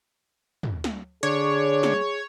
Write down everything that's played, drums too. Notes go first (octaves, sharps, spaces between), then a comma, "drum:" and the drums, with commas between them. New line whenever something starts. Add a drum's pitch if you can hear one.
drum: tom
drum: snare
D3 D4 G#4 C#5, drum: hi-hat
drum: snare